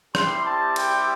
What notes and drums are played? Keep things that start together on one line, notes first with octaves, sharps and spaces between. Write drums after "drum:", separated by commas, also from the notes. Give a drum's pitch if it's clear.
G3 C4 E4 G4 C6, drum: rim click
A5
G5, drum: cymbal